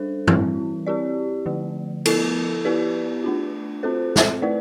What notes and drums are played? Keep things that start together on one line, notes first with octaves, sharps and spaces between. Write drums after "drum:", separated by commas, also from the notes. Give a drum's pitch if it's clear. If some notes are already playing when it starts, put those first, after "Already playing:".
Already playing: G3 D4 A4 C5
E3 G3 C4 E4, drum: tom
C4 E4 G4 D5
D3 F3 A3
F3 B3 E4 A4, drum: cymbal
B3 E4 G4 B4 D5
A3 D4 F4
C4 F4 A4 C5
drum: snare
A3 E4 B4 D5